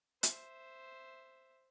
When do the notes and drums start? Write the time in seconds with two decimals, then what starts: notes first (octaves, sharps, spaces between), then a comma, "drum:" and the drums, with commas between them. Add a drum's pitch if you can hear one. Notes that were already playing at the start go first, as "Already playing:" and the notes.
0.23 C5 E5, drum: hi-hat